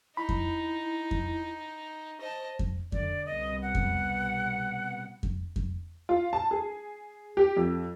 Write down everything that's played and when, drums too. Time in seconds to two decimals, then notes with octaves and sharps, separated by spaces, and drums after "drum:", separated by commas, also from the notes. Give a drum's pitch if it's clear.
0.17 D#4 E4 B5
0.29 drum: kick F2
1.11 drum: kick F2
2.21 C5 D#5 A5
2.59 drum: kick F2
2.92 D3 D5, drum: kick F2
3.26 C2 B2 B3 D#5
3.62 F#5
3.75 drum: kick F2
5.23 drum: kick F2
5.56 drum: kick F2
6.09 F4
6.33 A5
6.51 G#4
7.37 G4
7.57 F2